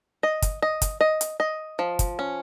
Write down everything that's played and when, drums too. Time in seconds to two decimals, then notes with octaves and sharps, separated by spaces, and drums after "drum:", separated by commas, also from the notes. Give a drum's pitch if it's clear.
0.23 D#5
0.42 drum: kick, hi-hat
0.62 D#5
0.82 drum: kick, hi-hat
1.01 D#5
1.21 drum: hi-hat
1.40 D#5
1.79 F3
1.99 drum: kick, hi-hat
2.19 C#4